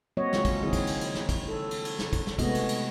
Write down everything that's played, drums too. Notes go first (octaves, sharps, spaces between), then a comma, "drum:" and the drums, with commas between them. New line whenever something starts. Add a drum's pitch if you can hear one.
F#3 A#3 C4 F#4 C#5 D#5
C#3 G#3 F4, drum: snare
drum: kick, cymbal
D#3 F3 C4 E4 G#4
drum: kick, cymbal
drum: cymbal
drum: cymbal
drum: snare
drum: kick, cymbal
A4
drum: cymbal
drum: cymbal
drum: snare
drum: kick, cymbal
drum: snare
C3 G#3 A3 B3 F#4 D#5, drum: kick, cymbal
drum: cymbal
drum: cymbal